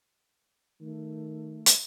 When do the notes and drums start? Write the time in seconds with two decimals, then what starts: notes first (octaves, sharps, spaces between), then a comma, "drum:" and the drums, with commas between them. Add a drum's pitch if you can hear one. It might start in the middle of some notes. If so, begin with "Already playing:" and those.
0.81 D#3 A3
1.66 drum: hi-hat